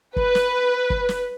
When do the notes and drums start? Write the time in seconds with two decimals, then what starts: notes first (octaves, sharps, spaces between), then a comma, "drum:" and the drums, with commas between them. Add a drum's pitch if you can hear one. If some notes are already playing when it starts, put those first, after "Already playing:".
0.16 B4, drum: kick
0.35 drum: snare
0.90 drum: kick
1.09 drum: snare